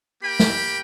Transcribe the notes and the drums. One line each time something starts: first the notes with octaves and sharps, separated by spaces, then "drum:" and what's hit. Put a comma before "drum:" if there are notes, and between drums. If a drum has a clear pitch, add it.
A#3 G4 G5 B5
drum: snare